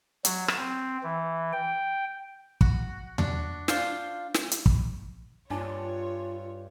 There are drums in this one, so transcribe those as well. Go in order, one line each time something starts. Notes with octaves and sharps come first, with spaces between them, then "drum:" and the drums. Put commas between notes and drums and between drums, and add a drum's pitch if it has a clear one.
F#3, drum: hi-hat
drum: rim click
C4
E3
G5
F#4, drum: kick
D4 F#4, drum: tom E2
D4 F4 C5, drum: snare
drum: snare
drum: hi-hat
drum: kick
G2 D4 F4 C#5 G#5 A5